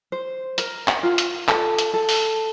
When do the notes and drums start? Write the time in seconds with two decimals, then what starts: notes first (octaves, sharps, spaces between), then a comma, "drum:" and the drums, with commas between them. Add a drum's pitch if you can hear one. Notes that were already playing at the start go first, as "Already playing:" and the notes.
0.12 C5
0.58 A#4, drum: hi-hat
0.88 drum: clap
1.03 F4
1.18 drum: hi-hat
1.49 A4, drum: clap
1.78 drum: hi-hat
1.94 A4
2.09 drum: open hi-hat